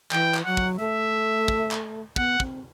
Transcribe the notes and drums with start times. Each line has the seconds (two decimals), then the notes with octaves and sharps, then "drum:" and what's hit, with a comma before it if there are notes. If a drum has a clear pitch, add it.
0.11 E3 G5, drum: clap
0.35 drum: clap
0.45 F#3 F#5
0.57 drum: kick
0.80 A3 E5
1.48 drum: kick
1.71 drum: clap
2.16 B3 F#5, drum: kick
2.40 C4, drum: kick